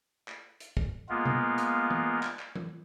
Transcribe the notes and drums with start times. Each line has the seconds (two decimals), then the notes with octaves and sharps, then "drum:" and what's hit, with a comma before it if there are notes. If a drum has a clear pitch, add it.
0.28 drum: clap
0.60 drum: hi-hat
0.77 drum: kick
1.09 G#3 A#3 B3 F4
1.25 drum: tom B2
1.58 drum: hi-hat
1.90 drum: tom E3
2.23 drum: clap
2.39 drum: clap
2.55 drum: tom E3